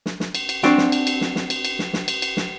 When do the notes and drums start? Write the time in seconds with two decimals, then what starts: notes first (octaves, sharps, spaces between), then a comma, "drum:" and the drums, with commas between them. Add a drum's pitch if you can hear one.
0.06 drum: snare
0.20 drum: snare
0.35 drum: cymbal
0.49 drum: cymbal
0.63 C4 D4 F#4 C5, drum: snare
0.78 drum: snare
0.92 drum: cymbal
1.07 drum: cymbal
1.21 drum: snare
1.36 drum: snare
1.50 drum: cymbal
1.65 drum: cymbal
1.79 drum: snare
1.93 drum: snare
2.08 drum: cymbal
2.22 drum: cymbal
2.37 drum: snare